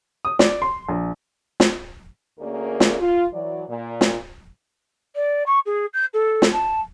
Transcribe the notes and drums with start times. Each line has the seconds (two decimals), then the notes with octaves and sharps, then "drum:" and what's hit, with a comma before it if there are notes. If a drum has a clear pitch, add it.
0.25 D#6
0.39 D5, drum: snare
0.62 C6
0.89 A#1
1.60 drum: snare
2.39 D2 A#3 C#4 G#4 A#4 D5
2.80 drum: snare
2.99 F4
3.32 E3 F#3 D5
3.68 A#2
4.01 drum: snare
5.16 D5
5.46 C#6
5.66 G#4
5.94 G6
6.14 A4
6.42 drum: snare
6.53 A5